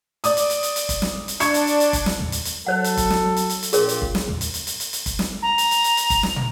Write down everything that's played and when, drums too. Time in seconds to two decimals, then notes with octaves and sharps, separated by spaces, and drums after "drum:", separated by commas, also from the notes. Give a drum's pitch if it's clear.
0.24 D5 D6 D#6, drum: hi-hat
0.37 drum: hi-hat
0.50 drum: hi-hat
0.63 drum: hi-hat
0.76 drum: hi-hat
0.89 drum: kick, hi-hat
1.02 drum: snare
1.28 drum: hi-hat
1.40 D4 C#6 G#6 C#7, drum: hi-hat
1.54 drum: hi-hat
1.67 drum: hi-hat
1.80 drum: hi-hat
1.93 drum: kick, hi-hat
2.06 drum: snare
2.19 drum: tom
2.32 drum: hi-hat
2.45 drum: hi-hat
2.66 F#3 A4 C5 C#5 F#5
2.84 drum: hi-hat
2.97 drum: kick, hi-hat
3.10 drum: snare
3.36 drum: hi-hat
3.50 drum: hi-hat
3.63 drum: hi-hat
3.73 A#1 F4 G4 G#4 A#4 C#5, drum: hi-hat
3.89 drum: hi-hat
4.02 drum: kick
4.15 drum: snare
4.28 drum: tom
4.41 drum: hi-hat
4.54 drum: hi-hat
4.67 drum: hi-hat
4.80 drum: hi-hat
4.93 drum: hi-hat
5.06 drum: kick, hi-hat
5.19 drum: snare
5.42 A#5
5.58 drum: hi-hat
5.71 drum: hi-hat
5.84 drum: hi-hat
5.97 drum: hi-hat
6.10 drum: kick, hi-hat
6.23 drum: snare
6.36 drum: tom